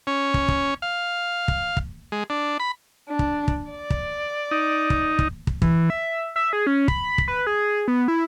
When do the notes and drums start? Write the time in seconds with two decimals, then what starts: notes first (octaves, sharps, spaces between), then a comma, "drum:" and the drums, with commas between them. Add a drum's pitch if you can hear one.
0.07 C#4
0.34 drum: kick
0.48 drum: kick
0.82 F5
1.48 drum: kick
1.77 drum: kick
2.12 G#3
2.30 D4
2.60 B5
3.09 D4
3.19 drum: kick
3.48 drum: kick
3.71 D5
3.90 drum: kick
4.51 D#4
4.90 drum: kick
5.19 drum: kick
5.47 drum: kick
5.62 E3, drum: kick
5.90 E5
6.36 E5
6.53 G#4
6.67 C#4
6.88 B5, drum: kick
7.18 drum: kick
7.28 B4
7.47 G#4
7.88 B3
8.08 E4